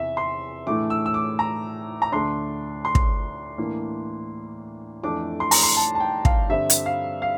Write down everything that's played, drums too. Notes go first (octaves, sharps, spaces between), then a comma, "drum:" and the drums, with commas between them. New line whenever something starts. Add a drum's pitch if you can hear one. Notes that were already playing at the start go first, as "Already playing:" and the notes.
Already playing: E2 C3 E3 E5
C6
A2 E3 A3 D4 D6
E6
E6
D6
A#5
A#5
D2 D3 A3 D4 C6
C6
drum: kick
A2 E3 A#3 D4
F2 E3 A3 D4 D6
C6
A#5, drum: open hi-hat
C6
A5
A5
G5
F5, drum: kick
G2 D3 G3 C4 E5
drum: hi-hat
F5
F5